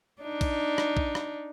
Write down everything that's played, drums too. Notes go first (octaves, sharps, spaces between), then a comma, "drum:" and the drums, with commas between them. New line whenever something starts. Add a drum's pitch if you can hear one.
D4 D#4
drum: kick A#1, cymbal
drum: rim click
drum: kick A#1
drum: rim click